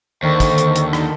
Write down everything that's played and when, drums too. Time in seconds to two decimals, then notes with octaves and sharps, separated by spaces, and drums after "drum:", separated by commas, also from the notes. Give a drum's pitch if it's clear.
0.23 D#2 D3 D#3 A4 C5 C#6
0.40 drum: kick, hi-hat
0.58 drum: hi-hat
0.76 drum: hi-hat
0.93 drum: rim click